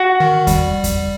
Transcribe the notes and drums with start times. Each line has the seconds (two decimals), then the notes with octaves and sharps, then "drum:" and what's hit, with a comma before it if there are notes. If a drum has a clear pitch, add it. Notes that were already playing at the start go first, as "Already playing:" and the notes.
Already playing: F#4
0.20 D#3
0.47 G3, drum: kick E2, hi-hat
0.84 drum: kick E2, hi-hat